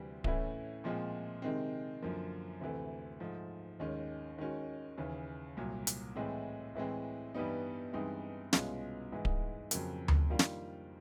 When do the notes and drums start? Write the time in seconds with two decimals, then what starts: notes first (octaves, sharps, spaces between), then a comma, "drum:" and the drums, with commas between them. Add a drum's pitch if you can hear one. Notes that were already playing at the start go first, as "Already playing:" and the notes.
Already playing: D2 C3 E3 G3 C4
0.24 A2 E3 A3 C#4 E4, drum: kick D1
0.84 A#2 F3 G#3 C4
1.42 C3 D#3 G#3 C4
2.02 F#2 D3 F3 A#3
2.61 D2 C3 E3 A3
3.20 G#2 F3 A3
3.79 D#2 D#3 G#3 C#4
4.38 D#3 G#3 C#4 F#4
4.98 D#2 C#3 E3
5.57 C2 A#2 F#3
5.87 drum: hi-hat
6.16 A2 E3 G#3 C4
6.75 A2 E3 G#3 C4
7.34 G2 E3 G3 B3 D#4
7.93 G2 E3 G#3 C4 D#4
8.53 C2 B2 G#3 C#4 F4, drum: snare
9.12 G#2 E3 G#3
9.25 drum: kick D1
9.71 F2 C#3 F#3 A#3, drum: hi-hat
10.08 drum: tom D2
10.30 D#3 G3 A#3 D4 F4
10.39 drum: snare